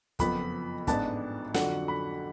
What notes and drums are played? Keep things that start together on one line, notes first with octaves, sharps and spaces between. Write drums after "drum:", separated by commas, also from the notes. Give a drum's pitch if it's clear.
F#1 F2 F3 B3 B5, drum: kick, hi-hat
A1 G#2 G#3 B3 D4 A5, drum: kick, hi-hat
F2 D3 F#3 F#5, drum: snare
B5